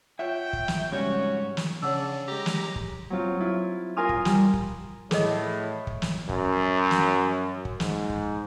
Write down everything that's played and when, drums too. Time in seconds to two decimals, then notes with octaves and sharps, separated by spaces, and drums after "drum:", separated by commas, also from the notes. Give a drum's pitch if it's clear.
0.19 F4 C#5 E5 F#5 G5
0.53 drum: kick
0.68 drum: snare
0.92 F2 G#2 C#3 G3 C#4 F#4 C#5
1.57 drum: snare
1.82 C#3 D4 C#5 F#5 E6
2.28 G#3 G4 A#5
2.46 drum: snare
2.76 drum: kick
3.10 F#3 C4 F4
3.40 E4 F4
3.96 F4 A#4 G#5 C6 D#6 F6
4.09 drum: kick
4.25 G3, drum: snare
4.54 drum: kick
5.11 A2 G#4 A4 D#5, drum: snare
5.87 drum: kick
6.02 drum: snare
6.29 F#2, drum: kick
6.91 drum: snare
7.65 drum: kick
7.80 G#2, drum: snare
8.09 drum: kick